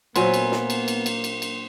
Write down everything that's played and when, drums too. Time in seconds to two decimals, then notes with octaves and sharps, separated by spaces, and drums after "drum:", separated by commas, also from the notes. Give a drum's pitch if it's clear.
0.16 A#2 F#3 A#3 B3 C5 E5 G#5, drum: cymbal
0.34 drum: cymbal
0.52 drum: snare
0.70 drum: cymbal
0.88 drum: cymbal
1.06 drum: cymbal
1.24 drum: cymbal
1.42 drum: cymbal